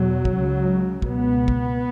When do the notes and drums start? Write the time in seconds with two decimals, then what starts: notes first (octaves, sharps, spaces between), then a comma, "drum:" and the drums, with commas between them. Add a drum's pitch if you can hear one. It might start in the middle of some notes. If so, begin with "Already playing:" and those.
Already playing: E2 B2 F#3
0.25 drum: kick
0.38 C#2 C#3
1.02 C#2 B2 B3, drum: kick
1.48 drum: kick